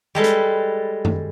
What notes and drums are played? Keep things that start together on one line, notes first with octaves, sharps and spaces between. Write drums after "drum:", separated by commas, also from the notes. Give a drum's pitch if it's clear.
G3 G#3 A4 B4
drum: hi-hat
drum: tom F#2